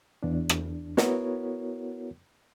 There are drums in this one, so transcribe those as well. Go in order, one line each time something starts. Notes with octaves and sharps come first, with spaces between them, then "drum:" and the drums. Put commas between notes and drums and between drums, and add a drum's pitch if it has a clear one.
E2 D4
drum: rim click
B3 E4 F#4 A#4 C#5, drum: snare